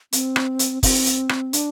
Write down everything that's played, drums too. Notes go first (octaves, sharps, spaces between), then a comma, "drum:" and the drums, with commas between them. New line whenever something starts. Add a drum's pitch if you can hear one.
C4, drum: hi-hat
drum: rim click
drum: hi-hat
C4, drum: kick, open hi-hat
drum: hi-hat
drum: rim click
D4, drum: hi-hat